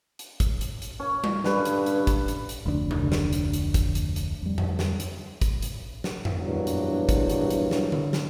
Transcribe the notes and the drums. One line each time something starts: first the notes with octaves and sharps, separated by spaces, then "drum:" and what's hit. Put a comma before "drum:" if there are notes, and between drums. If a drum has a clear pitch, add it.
drum: hi-hat
drum: kick, hi-hat
drum: hi-hat
drum: hi-hat
C#4 C#5
drum: tom G3
G2 D3 C#4 B4, drum: snare
drum: hi-hat
drum: hi-hat
drum: kick, hi-hat
drum: hi-hat
drum: hi-hat
F1 D2 B2 D4
drum: tom C3
drum: snare
drum: hi-hat
drum: hi-hat
drum: kick, hi-hat
drum: hi-hat
drum: hi-hat
F2 G3
drum: tom F2
drum: snare
drum: hi-hat
drum: kick, hi-hat
drum: hi-hat
drum: snare
drum: tom F2
A#1 E2 G2 F#3
drum: hi-hat
drum: kick, hi-hat
drum: hi-hat
drum: hi-hat
drum: snare
drum: tom D3
drum: snare